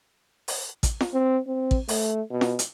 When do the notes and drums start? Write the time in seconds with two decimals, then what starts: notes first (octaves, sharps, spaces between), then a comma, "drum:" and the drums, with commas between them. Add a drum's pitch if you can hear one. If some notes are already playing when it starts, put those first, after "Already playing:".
0.48 drum: open hi-hat
0.83 drum: kick A1, hi-hat
1.01 drum: snare
1.14 C4
1.47 C4
1.71 drum: kick A1
1.88 A3, drum: open hi-hat
2.31 B2
2.41 drum: snare
2.59 drum: hi-hat